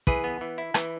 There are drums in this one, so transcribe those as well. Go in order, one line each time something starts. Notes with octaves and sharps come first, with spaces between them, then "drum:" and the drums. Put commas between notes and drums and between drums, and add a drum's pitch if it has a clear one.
E3 G#4 B4, drum: kick
B3
E3
E4
E3, drum: rim click